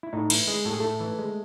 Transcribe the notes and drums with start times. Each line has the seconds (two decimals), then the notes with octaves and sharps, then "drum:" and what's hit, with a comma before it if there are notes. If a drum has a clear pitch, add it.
0.03 E4
0.13 A2 D#4
0.30 E3 E4, drum: cymbal
0.47 G#3 G#4
0.65 A2 A4
0.73 G#4
0.80 A2 A3 A4
1.00 E3
1.19 G#3